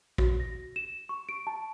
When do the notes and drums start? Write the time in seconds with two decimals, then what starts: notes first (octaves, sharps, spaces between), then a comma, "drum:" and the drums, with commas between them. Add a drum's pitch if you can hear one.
0.18 F#4, drum: kick A#1
0.40 A#6
0.76 E7
1.09 C#6
1.29 D7
1.47 A5